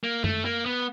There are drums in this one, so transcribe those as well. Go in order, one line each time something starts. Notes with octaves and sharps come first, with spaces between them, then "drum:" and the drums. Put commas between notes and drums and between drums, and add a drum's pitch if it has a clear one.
A#3
A3, drum: tom F#2
A#3
B3